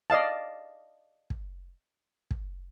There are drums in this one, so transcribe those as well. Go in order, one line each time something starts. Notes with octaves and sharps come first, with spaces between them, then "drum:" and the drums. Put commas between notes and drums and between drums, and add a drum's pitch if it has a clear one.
D5 D#5 F5 A5
drum: kick
drum: kick